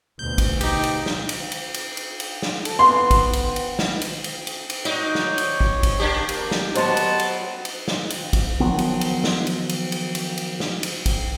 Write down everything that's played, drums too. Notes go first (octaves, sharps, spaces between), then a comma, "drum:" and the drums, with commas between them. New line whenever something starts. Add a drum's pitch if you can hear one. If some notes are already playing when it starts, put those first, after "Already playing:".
D2 B2 G6
drum: kick, cymbal
D#4 G4, drum: cymbal
drum: cymbal
drum: snare
drum: cymbal
drum: cymbal
drum: cymbal
drum: cymbal
drum: cymbal
drum: snare
A4, drum: cymbal
B3 C6
drum: kick, cymbal
drum: cymbal
drum: cymbal
drum: snare
drum: cymbal
drum: cymbal
drum: cymbal
drum: cymbal
D#4 F#4 D5
drum: snare
C#5
drum: cymbal
drum: kick
drum: kick, cymbal
A#3 D4 G4
drum: cymbal
drum: snare
F#3 B3 C5 D#5 A5 C6, drum: cymbal
drum: cymbal
drum: cymbal
drum: cymbal
drum: snare
drum: cymbal
drum: kick, cymbal
D#3 F3 F#3 B3
drum: cymbal
drum: cymbal
drum: snare
drum: cymbal
drum: cymbal
drum: cymbal
drum: cymbal
drum: cymbal
drum: snare
drum: cymbal
drum: kick, cymbal